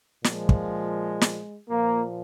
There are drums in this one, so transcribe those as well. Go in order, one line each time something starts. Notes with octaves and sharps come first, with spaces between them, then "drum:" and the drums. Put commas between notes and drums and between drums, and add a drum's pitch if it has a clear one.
A#2 F3 G#3, drum: snare
drum: kick
drum: snare
A#2 F3 A#3